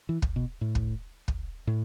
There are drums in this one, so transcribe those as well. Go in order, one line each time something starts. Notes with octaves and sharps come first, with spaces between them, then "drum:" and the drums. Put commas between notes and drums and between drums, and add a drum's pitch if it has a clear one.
E3
drum: kick
B2
A2
drum: kick
drum: kick
A2